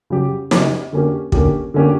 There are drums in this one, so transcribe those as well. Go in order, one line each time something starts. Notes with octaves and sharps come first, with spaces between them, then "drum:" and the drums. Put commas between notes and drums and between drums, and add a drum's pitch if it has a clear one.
C#3 F#3 C#4 G4
C#3 F#3 C#4 G4, drum: snare
D3 A#3 C#4 G4
D3 A#3 C#4 G4, drum: kick
D3 A#3 C#4 G4